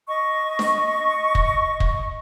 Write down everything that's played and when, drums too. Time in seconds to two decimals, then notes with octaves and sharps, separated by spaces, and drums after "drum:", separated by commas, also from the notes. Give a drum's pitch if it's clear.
0.08 D#5 C#6
0.59 drum: snare D4
1.35 drum: kick
1.80 drum: kick